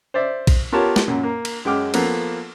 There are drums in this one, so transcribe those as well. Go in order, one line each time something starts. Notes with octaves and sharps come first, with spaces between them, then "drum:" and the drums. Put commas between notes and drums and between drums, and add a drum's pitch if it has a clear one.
C5 D5 E5
drum: kick, cymbal
B3 F4 G4 A#4 C#5 A5
drum: snare
F#2 A#2
A#3
drum: cymbal
F#2 G#3 G5 D6 F6
F3 A#3 B3 A4, drum: cymbal